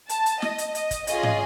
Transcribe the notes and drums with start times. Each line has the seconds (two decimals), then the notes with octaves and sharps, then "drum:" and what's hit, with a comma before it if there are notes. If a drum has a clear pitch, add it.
0.09 A5, drum: hi-hat
0.26 drum: hi-hat
0.42 D#5, drum: snare
0.58 drum: hi-hat
0.75 D#5, drum: hi-hat
0.91 drum: kick, hi-hat
1.07 C#4 F4 G#4 D#5, drum: hi-hat
1.23 drum: tom